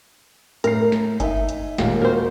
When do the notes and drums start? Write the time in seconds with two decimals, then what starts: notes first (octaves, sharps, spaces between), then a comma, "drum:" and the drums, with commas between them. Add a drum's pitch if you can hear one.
0.64 A2 A#4 C7, drum: hi-hat
0.92 drum: snare
1.20 D#4 E5 G#5, drum: kick G1, hi-hat
1.49 drum: hi-hat
1.78 D#2 A#2 G#3, drum: snare
2.02 F#4 A#4 C5